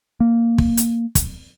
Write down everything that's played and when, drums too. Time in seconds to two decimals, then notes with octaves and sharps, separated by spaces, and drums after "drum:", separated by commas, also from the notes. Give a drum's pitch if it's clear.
0.20 A#3
0.58 drum: kick
0.77 drum: hi-hat
1.15 drum: kick, hi-hat